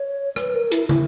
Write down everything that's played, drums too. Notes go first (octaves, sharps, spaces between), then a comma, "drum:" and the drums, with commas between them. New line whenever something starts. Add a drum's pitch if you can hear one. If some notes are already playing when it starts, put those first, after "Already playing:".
Already playing: C#5
B4, drum: rim click
A#4
E4, drum: hi-hat
E4, drum: tom